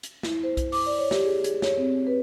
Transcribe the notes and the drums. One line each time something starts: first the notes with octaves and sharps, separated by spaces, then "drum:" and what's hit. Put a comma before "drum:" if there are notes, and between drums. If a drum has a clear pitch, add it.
drum: hi-hat
E4, drum: snare
C5
drum: kick B1, hi-hat
D6, drum: open hi-hat
D5
C#5
G4, drum: snare
G#4
G#4, drum: hi-hat
C#5, drum: snare
C4
B4